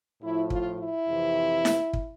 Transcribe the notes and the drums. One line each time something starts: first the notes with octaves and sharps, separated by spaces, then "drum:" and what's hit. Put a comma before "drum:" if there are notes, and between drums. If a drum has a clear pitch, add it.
A2 F3 E4
F4, drum: kick
E4
F2 C3 E3
drum: snare E4
drum: kick